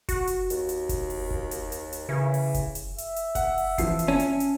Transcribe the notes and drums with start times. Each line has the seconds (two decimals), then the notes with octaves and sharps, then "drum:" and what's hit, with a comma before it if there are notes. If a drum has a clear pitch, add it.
0.09 F#4, drum: kick F#1, hi-hat
0.27 drum: hi-hat
0.50 D#2, drum: hi-hat
0.69 drum: hi-hat
0.89 drum: kick F#1, hi-hat
1.10 drum: open hi-hat
1.31 drum: kick F#1
1.51 drum: hi-hat
1.72 drum: hi-hat
1.93 drum: hi-hat
2.09 C#3 E3
2.34 drum: open hi-hat
2.54 drum: kick F#1, hi-hat
2.75 drum: hi-hat
2.98 E5, drum: hi-hat
3.16 drum: hi-hat
3.35 F#5, drum: kick F#1, hi-hat
3.58 drum: open hi-hat
3.78 E3 F3 C7, drum: kick F#1, hi-hat
3.99 drum: hi-hat
4.08 C#4 A5
4.20 drum: hi-hat
4.40 drum: hi-hat